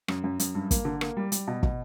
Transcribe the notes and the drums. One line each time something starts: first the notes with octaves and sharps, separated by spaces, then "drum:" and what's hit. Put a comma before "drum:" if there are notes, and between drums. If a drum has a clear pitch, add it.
F#2, drum: rim click
F#2
F#2, drum: hi-hat
G2
A#3, drum: kick, hi-hat
D3
A#3, drum: rim click
G3
G3, drum: hi-hat
B2
B2, drum: kick